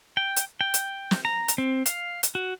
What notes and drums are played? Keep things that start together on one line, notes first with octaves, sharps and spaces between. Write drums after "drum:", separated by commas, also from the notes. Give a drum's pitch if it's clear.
G5
drum: hi-hat
G5
drum: hi-hat
drum: snare
A#5
drum: hi-hat
C4
F5, drum: hi-hat
drum: hi-hat
F#4